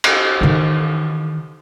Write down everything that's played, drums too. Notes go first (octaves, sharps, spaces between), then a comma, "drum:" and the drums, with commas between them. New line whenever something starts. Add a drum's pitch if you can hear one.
drum: cymbal
D#3 E3